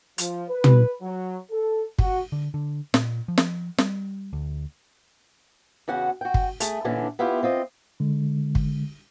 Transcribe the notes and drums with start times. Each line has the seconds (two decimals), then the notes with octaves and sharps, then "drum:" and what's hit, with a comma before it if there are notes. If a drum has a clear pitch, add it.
0.18 F3, drum: hi-hat
0.49 B4
0.64 drum: tom
1.01 F#3
1.50 A4
1.99 F#4, drum: kick
2.32 D3
2.54 D3
2.94 A#2, drum: snare
3.28 F3
3.38 drum: snare
3.78 G3, drum: snare
4.33 D2
5.88 E2 C#3 C#4 F#4 F#5 G5
6.21 F#4 G5
6.34 drum: kick
6.60 A3 G#4, drum: hi-hat
6.85 A#2 D3 E3 C#4 D4
7.19 B3 E4 F4 G4
7.43 C4 F4 D#5
8.00 D3 G#3
8.55 drum: kick